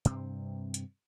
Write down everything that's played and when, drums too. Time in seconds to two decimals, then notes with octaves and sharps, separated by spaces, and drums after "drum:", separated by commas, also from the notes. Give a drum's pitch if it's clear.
0.05 G2 C3 C4, drum: hi-hat
0.74 drum: hi-hat